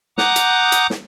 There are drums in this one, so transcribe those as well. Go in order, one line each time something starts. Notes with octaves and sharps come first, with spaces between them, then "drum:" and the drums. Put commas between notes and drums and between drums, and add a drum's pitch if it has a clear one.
F#5 A#5 D6 D#6 F#6 G6, drum: snare
drum: hi-hat
drum: hi-hat
drum: snare